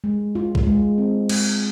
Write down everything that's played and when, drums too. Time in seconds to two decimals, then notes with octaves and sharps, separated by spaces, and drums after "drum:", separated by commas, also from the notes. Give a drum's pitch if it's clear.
0.04 G#3
0.35 F4
0.55 drum: kick B1
0.67 G#3
0.98 C4
1.29 G#3, drum: cymbal